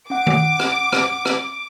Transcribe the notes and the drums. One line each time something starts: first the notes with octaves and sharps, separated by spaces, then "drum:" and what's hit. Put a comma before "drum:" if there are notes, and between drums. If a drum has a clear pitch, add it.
C#4 F#5 D6
drum: tom D#3
drum: rim click
drum: rim click
drum: rim click